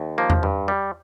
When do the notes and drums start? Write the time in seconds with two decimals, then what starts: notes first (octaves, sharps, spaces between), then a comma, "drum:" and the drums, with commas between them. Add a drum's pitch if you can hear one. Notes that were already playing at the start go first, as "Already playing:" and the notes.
Already playing: D#2
0.18 F3 A#3
0.30 drum: tom E2
0.43 G2
0.68 G3